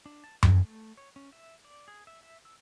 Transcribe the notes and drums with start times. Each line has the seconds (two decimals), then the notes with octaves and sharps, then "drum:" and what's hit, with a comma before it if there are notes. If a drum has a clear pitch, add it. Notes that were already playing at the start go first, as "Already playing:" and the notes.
0.06 D4
0.24 A5
0.43 G#4, drum: tom F#2
0.65 A3
0.97 C#5
1.16 C#4
1.33 E5
1.65 D5
1.88 G#4
2.07 E5
2.23 E5
2.45 E6